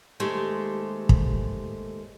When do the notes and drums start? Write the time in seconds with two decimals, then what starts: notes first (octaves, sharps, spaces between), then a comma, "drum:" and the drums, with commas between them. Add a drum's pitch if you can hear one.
0.20 D#2 G#3 A3 G4 A4 C5
1.09 drum: kick